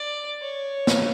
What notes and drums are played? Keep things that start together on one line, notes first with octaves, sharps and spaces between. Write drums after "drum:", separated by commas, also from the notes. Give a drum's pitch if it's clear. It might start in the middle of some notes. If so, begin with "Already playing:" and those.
Already playing: D5
C#5
drum: snare